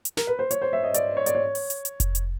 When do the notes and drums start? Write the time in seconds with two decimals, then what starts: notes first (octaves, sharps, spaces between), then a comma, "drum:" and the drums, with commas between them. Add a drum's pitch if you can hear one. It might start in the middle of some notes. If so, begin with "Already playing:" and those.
0.05 drum: hi-hat
0.17 A#4, drum: snare
0.27 B4
0.39 C5
0.51 C#5, drum: hi-hat
0.62 C5
0.73 E5
0.84 D#5
0.94 D5, drum: hi-hat
1.17 C#5
1.26 D5, drum: hi-hat
1.35 C#5
1.55 drum: open hi-hat
1.70 drum: hi-hat
1.85 drum: hi-hat
2.00 drum: kick F1, hi-hat
2.15 drum: hi-hat